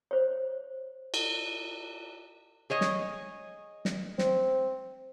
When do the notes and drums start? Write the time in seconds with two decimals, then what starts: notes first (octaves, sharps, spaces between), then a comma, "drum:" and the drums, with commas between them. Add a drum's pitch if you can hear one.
0.11 C5 C#5
1.14 drum: cymbal
2.70 G#4 C#5 D#5
2.81 drum: snare
3.85 drum: snare
4.19 C4, drum: snare